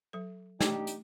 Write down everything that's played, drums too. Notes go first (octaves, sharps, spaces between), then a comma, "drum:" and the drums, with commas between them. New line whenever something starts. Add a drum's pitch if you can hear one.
F#3 A4
A3 D4 D#4 G4, drum: snare
drum: hi-hat